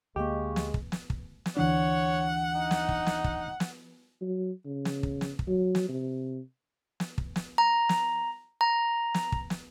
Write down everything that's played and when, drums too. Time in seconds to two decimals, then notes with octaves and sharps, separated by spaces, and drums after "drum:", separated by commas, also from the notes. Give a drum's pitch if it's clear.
0.16 D2 G#3 A#3 G4 D#5 F5 C#6
0.56 drum: snare
0.74 drum: kick
0.92 drum: snare
1.10 drum: kick
1.46 drum: snare
1.57 D2 E3 D4 C#5 F#5
2.55 D#4
2.71 drum: snare
2.89 drum: kick
3.06 drum: snare
3.24 drum: kick
3.60 drum: snare
4.22 F#3
4.65 C#3
4.85 drum: snare
5.03 drum: kick
5.21 drum: snare
5.39 drum: kick
5.48 F#3
5.75 drum: snare
5.89 C3
7.00 drum: snare
7.18 drum: kick
7.36 drum: snare
7.58 A#5
7.89 drum: snare
8.61 A#5
9.14 drum: snare
9.32 drum: kick
9.50 drum: snare